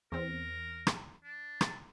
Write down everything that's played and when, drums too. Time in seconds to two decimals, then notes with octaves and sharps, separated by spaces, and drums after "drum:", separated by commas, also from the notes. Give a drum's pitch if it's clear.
0.12 E2 C4 A#4
0.87 drum: rim click
1.24 D4
1.61 drum: rim click